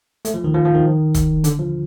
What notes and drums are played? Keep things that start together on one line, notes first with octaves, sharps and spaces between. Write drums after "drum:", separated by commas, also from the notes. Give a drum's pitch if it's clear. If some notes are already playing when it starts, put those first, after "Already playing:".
A3, drum: hi-hat
F3
D#3
F3
F3
D#3
drum: kick, hi-hat
D3, drum: hi-hat
F3